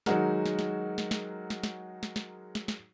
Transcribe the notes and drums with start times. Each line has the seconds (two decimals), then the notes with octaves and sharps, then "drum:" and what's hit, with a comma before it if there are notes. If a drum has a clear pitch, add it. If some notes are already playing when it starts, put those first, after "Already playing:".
0.06 D#3 F#3 G#3 D#4 F#4 A#4, drum: snare
0.46 drum: snare
0.59 drum: snare
0.98 drum: snare
1.11 drum: snare
1.50 drum: snare
1.63 drum: snare
2.03 drum: snare
2.16 drum: snare
2.55 drum: snare
2.68 drum: snare